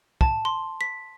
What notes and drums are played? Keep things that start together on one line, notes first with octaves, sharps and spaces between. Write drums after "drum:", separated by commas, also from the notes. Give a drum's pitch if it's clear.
A5, drum: kick
C6
B6